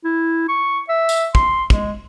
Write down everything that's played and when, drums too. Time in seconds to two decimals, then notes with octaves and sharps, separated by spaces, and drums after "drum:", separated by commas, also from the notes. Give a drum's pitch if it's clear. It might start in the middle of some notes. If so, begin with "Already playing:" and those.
0.04 E4
0.48 C#6
0.89 E5
1.09 drum: tambourine
1.35 C6, drum: kick
1.70 G#3, drum: kick